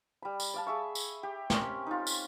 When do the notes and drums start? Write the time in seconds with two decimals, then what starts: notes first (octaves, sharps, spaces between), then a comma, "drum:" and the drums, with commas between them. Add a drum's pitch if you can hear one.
0.22 G3 B5
0.40 drum: tambourine
0.54 D5 F5 A5
0.67 G#4 E5 C#6
0.95 drum: tambourine
1.23 G4
1.50 C4 C#4 A#4, drum: snare
1.87 D#4 F4
2.07 drum: tambourine